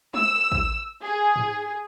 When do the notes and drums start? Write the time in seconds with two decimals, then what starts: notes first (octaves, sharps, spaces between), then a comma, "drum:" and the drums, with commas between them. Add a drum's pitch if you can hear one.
0.14 E6, drum: tom G#3
0.52 drum: kick A1
1.02 G#4
1.36 drum: tom G#2